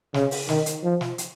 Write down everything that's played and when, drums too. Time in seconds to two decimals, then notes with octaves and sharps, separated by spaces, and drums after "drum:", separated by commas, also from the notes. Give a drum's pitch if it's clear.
0.14 C#3, drum: snare
0.31 drum: open hi-hat
0.49 D#3, drum: snare
0.66 drum: hi-hat
0.83 F3
1.01 drum: snare
1.18 drum: hi-hat